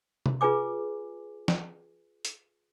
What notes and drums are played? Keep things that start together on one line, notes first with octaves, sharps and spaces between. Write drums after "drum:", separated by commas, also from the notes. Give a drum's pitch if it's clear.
drum: tom C3
F4 G#4 B4 G#5 D6
drum: snare
drum: hi-hat